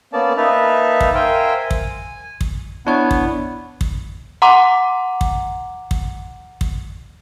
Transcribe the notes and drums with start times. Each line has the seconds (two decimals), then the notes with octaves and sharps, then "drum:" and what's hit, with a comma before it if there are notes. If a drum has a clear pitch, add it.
0.13 A#3 B3 C#4 D5 A5
0.37 A#3 D#4 B4 E5 A5 F6
1.01 drum: kick
1.14 A#4 C5 E5 F5 G5 G#5
1.60 G#5
1.71 drum: kick
2.41 drum: kick
2.87 B3 D4 E4 C#5
3.11 drum: kick
3.81 drum: kick
4.42 F#5 A#5 C6 D6
5.21 drum: kick
5.91 drum: kick
6.61 drum: kick